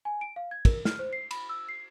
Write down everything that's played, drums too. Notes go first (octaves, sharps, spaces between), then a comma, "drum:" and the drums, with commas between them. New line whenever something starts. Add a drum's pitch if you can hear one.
G#5
D7
F5
G#6
A#4, drum: kick, cymbal
F6, drum: snare
C5
C7
B5, drum: cymbal
E6
C7